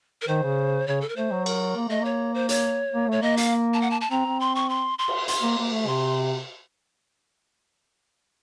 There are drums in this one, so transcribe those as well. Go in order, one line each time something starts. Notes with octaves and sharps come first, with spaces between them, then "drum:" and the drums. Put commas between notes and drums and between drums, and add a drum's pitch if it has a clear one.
A#4
D#3 C5
C#3
C#3 C#5
A4
A#4
A3 C5
F#3
A#4, drum: cymbal
A#3
A3 D#5
A#3 C#5
C5
C#5, drum: hi-hat
A#3
A3 C#5
A#3 D#5
F5, drum: hi-hat
A5
F#5
A5
A5
C4 A#5
C4
C6
C#6
C6
C6
drum: cymbal
C6, drum: hi-hat
A#3
A#3
A3
C3 C6